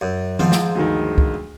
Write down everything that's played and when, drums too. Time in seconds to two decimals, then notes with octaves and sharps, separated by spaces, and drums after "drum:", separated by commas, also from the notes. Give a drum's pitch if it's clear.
0.01 F#2
0.39 G#2 F3 C4, drum: tom D#3
0.52 drum: snare
0.75 D2 G2 D#3
1.18 drum: kick